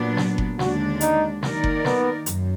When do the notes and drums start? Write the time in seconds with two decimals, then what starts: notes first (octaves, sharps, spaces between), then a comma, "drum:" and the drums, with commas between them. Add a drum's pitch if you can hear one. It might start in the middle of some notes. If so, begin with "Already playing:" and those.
Already playing: A#2 F#3 B3 D4
0.17 drum: snare
0.38 drum: kick F#1
0.59 D#2 D3 G#3 D4 F#4, drum: snare
1.01 D#4, drum: hi-hat
1.43 D#3 A#3 D#4 A#4 D5, drum: snare
1.64 drum: kick F#1
1.85 B3, drum: snare
2.26 F#2, drum: hi-hat